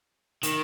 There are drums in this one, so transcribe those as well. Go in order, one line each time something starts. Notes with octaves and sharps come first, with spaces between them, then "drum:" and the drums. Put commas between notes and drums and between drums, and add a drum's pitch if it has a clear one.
D#3, drum: hi-hat